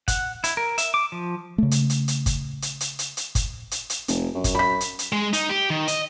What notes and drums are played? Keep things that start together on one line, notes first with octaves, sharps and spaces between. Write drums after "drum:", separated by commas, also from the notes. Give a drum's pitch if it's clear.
F#5, drum: kick G1, hi-hat
E4, drum: hi-hat
A#4
E5, drum: hi-hat
D6
F3
C#3 A3
drum: hi-hat
drum: hi-hat
drum: hi-hat
drum: kick G1, hi-hat
drum: hi-hat
drum: hi-hat
drum: hi-hat
drum: hi-hat
drum: kick G1, hi-hat
drum: hi-hat
drum: hi-hat
F1, drum: hi-hat
F#2
drum: kick G1, hi-hat
B5 B6
drum: hi-hat
drum: hi-hat
G#3
D#4, drum: hi-hat
G4
D#3
D#5, drum: hi-hat